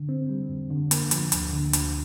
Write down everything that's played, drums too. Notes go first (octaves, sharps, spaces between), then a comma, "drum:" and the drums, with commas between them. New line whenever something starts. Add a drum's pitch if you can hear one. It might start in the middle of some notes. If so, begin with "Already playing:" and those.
Already playing: D3
C4
G3
F2
D3
A#3, drum: hi-hat
F3, drum: hi-hat
D2, drum: hi-hat
D3
D2, drum: hi-hat